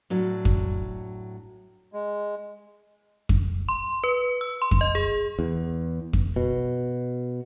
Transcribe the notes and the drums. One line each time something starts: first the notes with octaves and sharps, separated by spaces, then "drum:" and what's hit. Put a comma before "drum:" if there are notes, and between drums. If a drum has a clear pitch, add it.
A2 F#3 D4
drum: kick F2
G#3
drum: kick F2
C6
B4
E6
C6
drum: kick F2
D#5
G#4
E2
drum: kick F2
B2